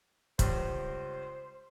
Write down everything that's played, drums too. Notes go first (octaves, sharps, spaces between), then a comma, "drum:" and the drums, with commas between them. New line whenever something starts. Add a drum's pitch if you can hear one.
C#2 G2 C5, drum: kick, hi-hat